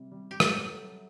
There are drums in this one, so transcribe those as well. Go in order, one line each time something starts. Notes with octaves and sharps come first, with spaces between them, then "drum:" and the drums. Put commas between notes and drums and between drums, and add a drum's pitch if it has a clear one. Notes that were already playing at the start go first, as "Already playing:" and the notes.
Already playing: C3 G3
G3
G4
F#3 A4, drum: rim click
A3